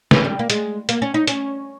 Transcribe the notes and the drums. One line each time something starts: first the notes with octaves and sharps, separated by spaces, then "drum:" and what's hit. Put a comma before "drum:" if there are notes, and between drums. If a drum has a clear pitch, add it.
E3, drum: snare
G3
A#3
G#3, drum: hi-hat
A#3, drum: hi-hat
C#4
D#4
C#4, drum: hi-hat